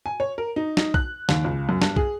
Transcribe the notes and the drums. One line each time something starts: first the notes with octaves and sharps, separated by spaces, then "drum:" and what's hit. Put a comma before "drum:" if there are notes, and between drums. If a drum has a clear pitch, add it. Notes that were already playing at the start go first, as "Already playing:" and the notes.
G#5
C#5
A#4
D#4
D#4, drum: snare
F#6, drum: kick B1
D#2, drum: snare
C#2
F#2
G2, drum: snare
G#4, drum: kick B1